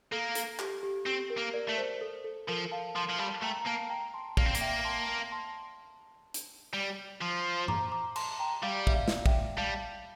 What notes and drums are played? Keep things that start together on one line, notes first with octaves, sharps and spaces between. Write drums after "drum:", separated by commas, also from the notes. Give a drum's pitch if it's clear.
A#3 A4
A4, drum: hi-hat
G4, drum: clap
G4
C4 G4
A#4
A#3
A#4 D5
A3 D5
C5
A4
A4
F3 A#4
F5 A5
F3 A5 C6
F3
G3 F5 A5
A3 G5 A#5
A#5
A#3 F5 A5
G5 A#5
A5 C6
A#3 D5 F5, drum: kick
C4
A#3, drum: hi-hat
E5 G5
A5 C6
A5 C6
drum: hi-hat
G3
F3
A#5 D6, drum: tom G2
A#5 D6
A5 C6, drum: cymbal
G5 A#5
G3 D5 F5
E5, drum: kick
D5 F5
drum: snare
E5 G5, drum: kick
G3 F5 A5